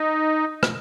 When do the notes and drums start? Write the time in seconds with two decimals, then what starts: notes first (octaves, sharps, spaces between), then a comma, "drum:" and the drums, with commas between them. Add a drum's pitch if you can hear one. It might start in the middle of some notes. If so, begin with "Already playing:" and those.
Already playing: D#4
0.63 drum: rim click